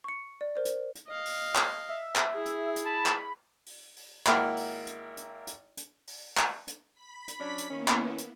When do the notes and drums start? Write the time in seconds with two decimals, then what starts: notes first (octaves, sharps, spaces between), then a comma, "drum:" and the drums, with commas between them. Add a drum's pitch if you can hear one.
0.04 C#6 C#7
0.41 D5
0.55 A#4 C5 D5
0.65 drum: hi-hat
0.95 drum: hi-hat
1.09 D#5 F5
1.25 drum: open hi-hat
1.55 drum: clap
1.89 E5
2.16 drum: clap
2.33 E4 G#4
2.46 drum: hi-hat
2.76 drum: hi-hat
2.85 A5 B5
3.06 drum: clap
3.66 drum: open hi-hat
3.96 drum: open hi-hat
4.27 G#1 A#3 E4 F#5 G5 F6, drum: clap
4.57 drum: open hi-hat
4.87 drum: hi-hat
5.17 drum: hi-hat
5.47 drum: hi-hat
5.77 drum: hi-hat
6.07 drum: open hi-hat
6.37 drum: clap
6.67 drum: hi-hat
6.93 B5 B6
7.28 drum: hi-hat
7.39 F#3 C#4 D4
7.58 drum: hi-hat
7.70 D#3 A#3 B3 C#4 E4
7.88 drum: clap
8.18 drum: hi-hat